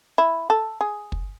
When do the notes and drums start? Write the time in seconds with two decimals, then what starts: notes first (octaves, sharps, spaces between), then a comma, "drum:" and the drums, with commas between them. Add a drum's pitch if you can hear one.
0.18 E4
0.50 A4
0.81 G#4
1.12 drum: kick